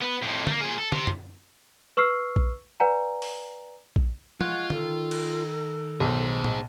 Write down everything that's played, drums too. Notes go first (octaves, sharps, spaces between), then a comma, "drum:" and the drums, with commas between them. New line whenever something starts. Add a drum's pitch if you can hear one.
B3 B4
F2 A2
A3 A#3, drum: tom
A#2 G#4
A4
C3, drum: tom
drum: tom
B4 C#6 E6 F6 C7
drum: kick A#1
B4 D5 F#5 G#5 A#5
drum: open hi-hat
drum: kick A#1
G#3 F4 C#5 F#5, drum: tom F3
D#3 A4, drum: tom
drum: cymbal
B1 G#4 C5
drum: tom